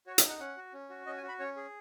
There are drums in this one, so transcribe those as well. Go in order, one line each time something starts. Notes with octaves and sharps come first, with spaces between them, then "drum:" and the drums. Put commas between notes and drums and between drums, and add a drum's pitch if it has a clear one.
F#4 C#5
D#5, drum: hi-hat
D#4
F#5
C#4 F#5
F#4
C#4
F#4
C#4 D#5
G#5
F#4
B5
C#4 C#5
G#4